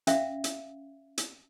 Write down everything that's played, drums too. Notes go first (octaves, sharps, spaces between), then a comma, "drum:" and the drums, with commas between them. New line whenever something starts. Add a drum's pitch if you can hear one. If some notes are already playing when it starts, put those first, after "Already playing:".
C#4 E5 F5, drum: hi-hat
drum: hi-hat
drum: hi-hat